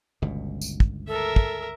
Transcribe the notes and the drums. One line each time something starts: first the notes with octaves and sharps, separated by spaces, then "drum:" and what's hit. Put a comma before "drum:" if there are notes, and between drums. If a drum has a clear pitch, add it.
G1 C#2 B2
drum: tambourine
drum: kick
A4 A#4 E5
drum: kick